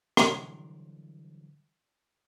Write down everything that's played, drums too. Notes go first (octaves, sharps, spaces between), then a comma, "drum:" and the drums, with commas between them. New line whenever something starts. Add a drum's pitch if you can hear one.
D3 E3 F#3 G3, drum: rim click